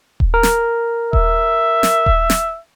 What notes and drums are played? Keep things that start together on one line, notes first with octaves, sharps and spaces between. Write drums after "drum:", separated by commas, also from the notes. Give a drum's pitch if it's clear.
drum: kick D#1
A#4
drum: snare
E5, drum: kick D#1
drum: snare
drum: kick D#1
drum: snare